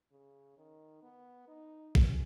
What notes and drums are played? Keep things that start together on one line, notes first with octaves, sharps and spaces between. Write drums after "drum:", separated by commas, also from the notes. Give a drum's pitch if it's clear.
C#3
D#3
B3
D#4
C#4, drum: kick A1